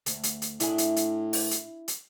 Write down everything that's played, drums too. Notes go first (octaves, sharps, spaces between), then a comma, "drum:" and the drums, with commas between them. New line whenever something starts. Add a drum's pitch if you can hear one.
D2, drum: hi-hat
drum: hi-hat
drum: hi-hat
A2 D4 E4 G#4, drum: hi-hat
drum: hi-hat
drum: hi-hat
drum: open hi-hat
drum: hi-hat
drum: hi-hat